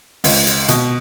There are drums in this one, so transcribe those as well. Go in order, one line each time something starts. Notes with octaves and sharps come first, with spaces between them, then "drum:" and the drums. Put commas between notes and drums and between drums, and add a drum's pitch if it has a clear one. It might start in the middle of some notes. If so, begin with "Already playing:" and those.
C#2, drum: open hi-hat
drum: hi-hat
B2, drum: hi-hat